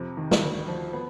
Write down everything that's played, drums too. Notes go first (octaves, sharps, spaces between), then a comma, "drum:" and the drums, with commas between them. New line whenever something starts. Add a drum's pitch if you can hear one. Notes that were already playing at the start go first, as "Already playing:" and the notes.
Already playing: F2 C3
D#3
drum: snare
D2
F3
B3